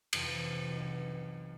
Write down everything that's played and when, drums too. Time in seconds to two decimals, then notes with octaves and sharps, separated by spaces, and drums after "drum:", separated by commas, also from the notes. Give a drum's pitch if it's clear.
0.13 F2 C3 E3, drum: cymbal
0.69 B1